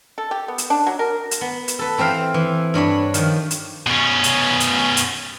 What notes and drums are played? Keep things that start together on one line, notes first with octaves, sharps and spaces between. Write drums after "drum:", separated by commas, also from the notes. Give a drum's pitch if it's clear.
A4
G4
B3
drum: hi-hat
D4
F#3
A#4
drum: hi-hat
B3
drum: hi-hat
A4 B4
E3 C4 C5 F5 G5
E3
G2 D4 C#5 B5
D#3 F3, drum: hi-hat
drum: hi-hat
B2 C#4
drum: hi-hat
drum: hi-hat
drum: hi-hat